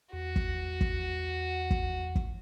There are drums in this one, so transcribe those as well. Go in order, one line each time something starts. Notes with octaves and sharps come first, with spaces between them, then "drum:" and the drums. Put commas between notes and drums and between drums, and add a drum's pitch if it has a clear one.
E2 F#4
drum: kick
drum: kick
drum: kick
drum: kick